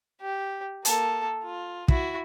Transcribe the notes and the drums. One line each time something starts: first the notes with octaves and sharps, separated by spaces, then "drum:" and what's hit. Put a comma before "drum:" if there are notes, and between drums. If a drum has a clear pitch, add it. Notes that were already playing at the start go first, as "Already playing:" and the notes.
G4
A#3 A4, drum: hi-hat
F4
E4 F#4, drum: kick